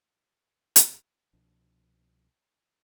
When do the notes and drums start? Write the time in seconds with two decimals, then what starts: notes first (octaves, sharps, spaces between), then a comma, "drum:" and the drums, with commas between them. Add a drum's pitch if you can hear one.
0.76 drum: hi-hat
1.33 C2 B2 F3 D4